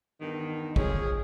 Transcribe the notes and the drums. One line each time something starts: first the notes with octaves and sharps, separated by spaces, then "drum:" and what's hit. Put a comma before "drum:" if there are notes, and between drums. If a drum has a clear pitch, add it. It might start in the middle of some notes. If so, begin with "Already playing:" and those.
E2 G2 D#3
F2 F3 G#4 C#5, drum: kick